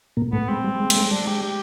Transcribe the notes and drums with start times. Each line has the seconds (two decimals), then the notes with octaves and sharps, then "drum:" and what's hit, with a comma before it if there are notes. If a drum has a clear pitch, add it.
0.17 A#2 A#3
0.32 A2 A3 B3
0.49 G#3 C4
0.64 G3
0.80 G#3
0.90 G#3, drum: cymbal
0.96 A3
1.01 G#3
1.11 G3 D4
1.27 G#3 G4
1.42 G4